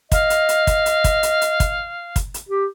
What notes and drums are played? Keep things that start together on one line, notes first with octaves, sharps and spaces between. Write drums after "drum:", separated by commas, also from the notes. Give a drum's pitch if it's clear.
D#5 F5, drum: kick, hi-hat
drum: hi-hat
drum: hi-hat
drum: kick, hi-hat
drum: hi-hat
drum: kick, hi-hat
drum: hi-hat
drum: hi-hat
drum: kick, hi-hat
drum: kick, hi-hat
drum: hi-hat
G4